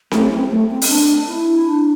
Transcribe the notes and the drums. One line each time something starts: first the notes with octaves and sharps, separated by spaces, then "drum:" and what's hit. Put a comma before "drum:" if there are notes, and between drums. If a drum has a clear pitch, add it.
A3, drum: snare C4
C4
A3
C4
C4, drum: open hi-hat
D4
E4
D4